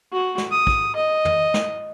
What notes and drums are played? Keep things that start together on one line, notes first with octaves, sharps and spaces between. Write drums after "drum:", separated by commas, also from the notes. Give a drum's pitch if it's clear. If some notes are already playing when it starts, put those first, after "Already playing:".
F#4
drum: snare
D#6
drum: kick
D#5
drum: tom
drum: snare